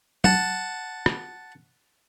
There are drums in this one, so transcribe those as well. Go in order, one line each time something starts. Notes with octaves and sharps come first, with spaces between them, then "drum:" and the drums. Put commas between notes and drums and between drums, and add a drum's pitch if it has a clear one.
F#5 A5, drum: tom
drum: rim click